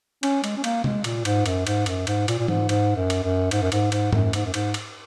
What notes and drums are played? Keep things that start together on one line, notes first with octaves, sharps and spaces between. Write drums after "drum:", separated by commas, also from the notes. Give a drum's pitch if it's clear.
C#4, drum: cymbal
G#3, drum: cymbal
C#4
A#3, drum: cymbal
G#3, drum: tom C3
A#2, drum: cymbal
G#2, drum: cymbal
F#2, drum: cymbal
G#2, drum: cymbal
F#2, drum: cymbal
G#2, drum: cymbal
A#2, drum: cymbal
A#2
G#2, drum: tom E3
G#2, drum: cymbal
F#2
drum: cymbal
F#2
G#2, drum: cymbal
F#2
G#2, drum: cymbal
G#2, drum: cymbal
F#2, drum: tom G#2
G#2, drum: cymbal
F#2
G#2, drum: cymbal
drum: cymbal